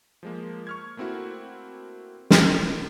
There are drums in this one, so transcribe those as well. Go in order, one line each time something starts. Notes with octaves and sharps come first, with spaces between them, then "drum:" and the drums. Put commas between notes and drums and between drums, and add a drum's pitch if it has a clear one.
F3 G#3 A#3
C#6 F6 G#6
A3 A#3 C4 E4 F#4
drum: snare